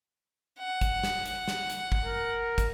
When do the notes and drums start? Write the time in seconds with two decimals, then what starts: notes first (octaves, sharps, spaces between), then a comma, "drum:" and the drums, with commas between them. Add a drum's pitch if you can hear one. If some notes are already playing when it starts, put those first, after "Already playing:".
0.59 F#5
0.81 drum: kick, hi-hat
1.03 drum: snare
1.26 drum: hi-hat
1.48 drum: snare
1.70 drum: hi-hat
1.92 drum: kick
2.05 A#4
2.58 drum: kick, hi-hat